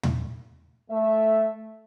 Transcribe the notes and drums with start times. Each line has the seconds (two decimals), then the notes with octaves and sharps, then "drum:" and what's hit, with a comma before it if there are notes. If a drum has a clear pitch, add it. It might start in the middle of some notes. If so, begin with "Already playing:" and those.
0.03 drum: tom
0.90 A3 E5